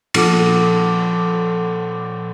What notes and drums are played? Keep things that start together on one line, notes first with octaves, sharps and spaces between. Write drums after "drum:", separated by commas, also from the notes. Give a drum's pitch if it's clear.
A#2 F3 A4 F#5 A5 D6, drum: cymbal